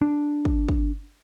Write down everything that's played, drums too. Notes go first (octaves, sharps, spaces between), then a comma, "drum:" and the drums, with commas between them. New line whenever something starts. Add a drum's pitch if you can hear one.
D4
drum: kick
drum: kick